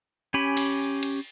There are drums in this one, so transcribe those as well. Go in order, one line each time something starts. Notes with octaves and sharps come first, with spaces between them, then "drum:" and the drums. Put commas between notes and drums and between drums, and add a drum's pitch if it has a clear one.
C#4 G4 G#5 B5
drum: cymbal
drum: cymbal